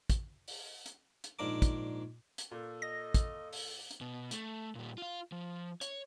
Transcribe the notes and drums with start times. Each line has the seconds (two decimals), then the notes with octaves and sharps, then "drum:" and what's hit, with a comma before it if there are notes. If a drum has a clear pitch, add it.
0.10 drum: kick, hi-hat
0.48 drum: open hi-hat
0.86 drum: hi-hat
1.24 drum: hi-hat
1.39 A#1 G#2 D4 A#4 D6
1.62 drum: kick, hi-hat
2.38 drum: hi-hat
2.51 A#2 A4
2.82 D#5 A#6
3.14 drum: kick, hi-hat
3.53 drum: open hi-hat
3.91 drum: hi-hat
4.01 B2
4.31 A3, drum: hi-hat
4.75 A#2 G3
4.98 F4 F5
5.32 F3
5.81 C#5, drum: hi-hat